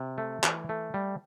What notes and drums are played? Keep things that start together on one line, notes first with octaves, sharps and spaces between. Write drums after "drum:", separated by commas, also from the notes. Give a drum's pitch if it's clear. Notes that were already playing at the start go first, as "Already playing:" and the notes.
Already playing: C3
A3
E3, drum: clap
A3
G3